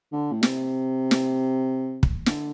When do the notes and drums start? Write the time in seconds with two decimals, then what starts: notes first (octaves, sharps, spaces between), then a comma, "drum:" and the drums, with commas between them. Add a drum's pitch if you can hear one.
0.12 D3
0.32 A2
0.43 C3, drum: snare
1.11 drum: snare
2.03 drum: kick
2.26 D3, drum: snare